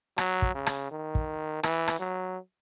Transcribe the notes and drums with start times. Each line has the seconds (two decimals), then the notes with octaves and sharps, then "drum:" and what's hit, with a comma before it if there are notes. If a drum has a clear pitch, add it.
0.18 F#3, drum: rim click
0.42 drum: kick
0.55 C#3
0.66 drum: rim click
0.91 D#3
1.15 drum: kick
1.63 E3, drum: rim click
1.88 drum: rim click
1.99 F#3